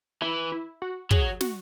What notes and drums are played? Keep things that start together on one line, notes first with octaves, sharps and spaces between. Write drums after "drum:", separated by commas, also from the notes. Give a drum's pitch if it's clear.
E3 E4
E4
F#4
F#3 G#4, drum: kick
F#4, drum: snare